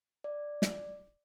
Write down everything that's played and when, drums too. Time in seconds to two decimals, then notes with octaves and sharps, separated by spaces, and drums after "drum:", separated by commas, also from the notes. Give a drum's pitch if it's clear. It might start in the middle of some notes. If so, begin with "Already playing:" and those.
0.24 D5
0.62 drum: snare